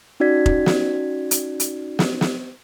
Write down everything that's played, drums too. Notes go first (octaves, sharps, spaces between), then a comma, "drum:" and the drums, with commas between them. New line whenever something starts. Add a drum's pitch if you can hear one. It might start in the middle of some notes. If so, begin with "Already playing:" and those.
C#4 D#4 F#4 D5 G#6 B6
drum: kick F1
drum: snare
drum: hi-hat
drum: hi-hat
drum: snare
drum: snare